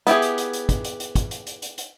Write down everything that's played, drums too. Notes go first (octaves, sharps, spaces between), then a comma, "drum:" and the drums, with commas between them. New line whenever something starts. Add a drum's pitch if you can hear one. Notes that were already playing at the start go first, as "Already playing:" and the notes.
B3 E4 G4 G#4, drum: hi-hat
drum: hi-hat
drum: hi-hat
drum: hi-hat
drum: kick, hi-hat
drum: hi-hat
drum: hi-hat
drum: kick, hi-hat
drum: hi-hat
drum: hi-hat
drum: hi-hat
drum: hi-hat